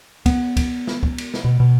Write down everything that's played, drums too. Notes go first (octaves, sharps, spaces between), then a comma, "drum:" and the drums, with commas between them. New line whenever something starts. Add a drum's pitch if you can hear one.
B3, drum: kick, cymbal
drum: kick, cymbal
drum: snare
drum: kick
drum: cymbal
drum: snare
B2
B2